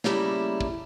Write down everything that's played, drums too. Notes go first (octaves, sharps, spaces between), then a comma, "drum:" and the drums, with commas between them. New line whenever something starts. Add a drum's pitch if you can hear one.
C#3 G3 A3 A#3 E4, drum: snare
drum: kick